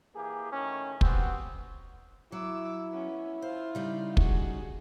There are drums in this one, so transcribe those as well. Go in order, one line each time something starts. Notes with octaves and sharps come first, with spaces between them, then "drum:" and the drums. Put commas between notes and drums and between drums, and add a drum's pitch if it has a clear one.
E3 A#3 G4 G#4
A2 D#3 C#4
B3 C4 F#4 G4 C5, drum: kick
F#3 E4 D6 E6
B3 C#4
F4 C5 F5
C#3 G3 D#4
F#4 G#4, drum: kick